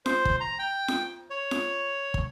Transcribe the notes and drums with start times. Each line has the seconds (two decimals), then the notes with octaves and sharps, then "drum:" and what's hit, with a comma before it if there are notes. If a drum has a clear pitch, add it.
0.06 C5, drum: snare
0.25 drum: kick
0.40 A#5
0.59 G5
0.88 drum: snare
1.30 C#5
1.51 drum: snare
2.14 drum: kick